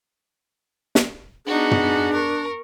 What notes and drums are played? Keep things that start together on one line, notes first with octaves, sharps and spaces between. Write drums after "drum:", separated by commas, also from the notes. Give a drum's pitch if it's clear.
drum: snare
B3 D4 D#4 F#4 G#4
drum: tom
A#4 C#6